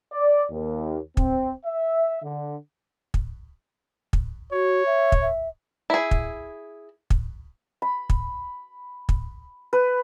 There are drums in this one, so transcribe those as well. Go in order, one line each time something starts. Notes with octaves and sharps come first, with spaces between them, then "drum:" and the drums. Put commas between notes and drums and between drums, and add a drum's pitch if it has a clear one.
D5
D#2
C4, drum: kick
E5
D3
drum: kick
drum: kick
F#4 C#5
E5
drum: kick
E5
E4 G#4
drum: kick
drum: kick
B5
drum: kick
drum: kick
B4